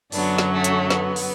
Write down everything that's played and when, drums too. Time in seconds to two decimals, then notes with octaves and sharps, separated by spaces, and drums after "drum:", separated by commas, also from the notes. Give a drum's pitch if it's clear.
0.12 F#2 D3 F#3 B3 D4, drum: open hi-hat
0.38 drum: snare
0.51 A3 C#4
0.64 drum: hi-hat
0.90 B3, drum: snare
1.16 drum: open hi-hat